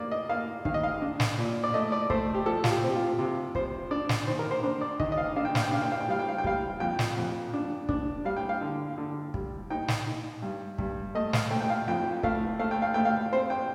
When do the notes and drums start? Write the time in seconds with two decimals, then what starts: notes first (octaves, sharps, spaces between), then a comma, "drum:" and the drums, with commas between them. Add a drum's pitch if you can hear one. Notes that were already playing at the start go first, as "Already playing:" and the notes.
Already playing: A#3 D5
0.12 D#5
0.29 A#3 F5
0.65 D#3 F5, drum: kick
0.74 D#5
0.83 F5
1.02 D4
1.20 drum: snare
1.38 A#2
1.64 D5
1.74 A3 D#5
1.92 D5
2.10 A3 C5, drum: kick
2.34 G4
2.46 F3 A4
2.64 F4, drum: snare
2.70 G4
2.83 C4
2.90 G4
2.95 F4
3.19 C3
3.55 F3 C5, drum: kick
3.91 D4 D5
4.09 drum: snare
4.27 D#3 C5
4.39 A#4
4.51 C5
4.63 D4 C5
4.81 D5
5.00 D#3 D#5, drum: kick
5.12 D#5
5.18 F5
5.36 D4 F5
5.45 G5
5.55 F5, drum: snare
5.63 G5
5.71 D4 F5
5.82 G5
5.92 F5
6.00 G5
6.08 G3 F5
6.19 G5
6.29 F5
6.38 G5
6.44 G3 F5, drum: kick
6.80 F2 G5
6.99 drum: snare
7.17 F2
7.54 D4
7.89 D4, drum: kick
8.25 G3 F5
8.37 G5
8.49 F5
8.61 D3
8.98 D3
9.34 G3, drum: kick
9.70 D#4 G5
9.88 drum: snare
10.07 D#4
10.43 G2
10.78 G2, drum: kick
11.15 A3 D#5
11.33 F5, drum: snare
11.51 A3 G5
11.61 G5
11.70 F5
11.88 F2 G5
12.23 A3 F5, drum: kick
12.59 A3 F5
12.71 G5
12.82 F5
12.94 A3 G5
13.05 F5
13.32 C4 C5
13.50 G5